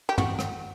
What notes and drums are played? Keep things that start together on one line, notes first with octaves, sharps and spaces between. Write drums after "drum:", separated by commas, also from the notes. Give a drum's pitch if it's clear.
G4
F#4, drum: tom
drum: rim click